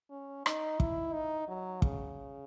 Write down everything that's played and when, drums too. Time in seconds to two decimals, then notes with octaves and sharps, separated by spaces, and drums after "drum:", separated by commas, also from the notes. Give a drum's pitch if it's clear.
0.10 C#4
0.46 D#4, drum: rim click
0.80 E4, drum: kick
1.13 D#4
1.48 F#3
1.82 C#3, drum: kick